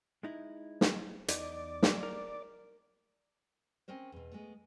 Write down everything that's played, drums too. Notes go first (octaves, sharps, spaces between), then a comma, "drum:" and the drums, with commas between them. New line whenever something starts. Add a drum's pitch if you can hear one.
G#3 D#4 E4
drum: snare
E2 D#4 D5 D#5, drum: hi-hat
drum: snare
A#4
C4 C#4 A#4 C5
E2 B2
G#3 A3 B3